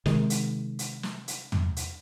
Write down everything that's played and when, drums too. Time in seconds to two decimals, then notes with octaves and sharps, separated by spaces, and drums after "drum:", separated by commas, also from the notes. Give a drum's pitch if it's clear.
0.06 C3 D#3 G#3, drum: snare
0.30 drum: hi-hat
0.79 drum: hi-hat
1.03 drum: snare
1.28 drum: hi-hat
1.52 drum: tom
1.77 drum: hi-hat